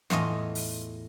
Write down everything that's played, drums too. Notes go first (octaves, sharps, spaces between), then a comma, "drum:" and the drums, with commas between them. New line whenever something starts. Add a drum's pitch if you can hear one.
E2 A2 F4 D#5, drum: snare
drum: open hi-hat